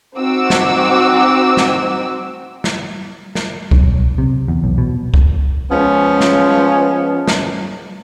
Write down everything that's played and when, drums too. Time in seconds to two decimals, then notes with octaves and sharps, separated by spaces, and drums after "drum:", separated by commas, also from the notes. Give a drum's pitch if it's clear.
0.16 C4 D#4 F#4 D6 E6
0.50 drum: snare
1.57 drum: snare
2.64 drum: snare
3.35 drum: snare
3.71 B1, drum: kick
4.18 C3
4.48 E2
4.64 B1
4.78 B2
5.14 drum: kick
5.71 F3 G#3 B3 C#4
6.21 drum: snare
7.28 drum: snare